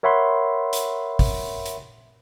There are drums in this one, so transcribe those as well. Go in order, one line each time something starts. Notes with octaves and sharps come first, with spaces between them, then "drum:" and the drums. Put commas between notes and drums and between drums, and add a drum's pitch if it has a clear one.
A#4 C#5 E5 F#5 B5 C6
drum: hi-hat
drum: kick, open hi-hat
drum: hi-hat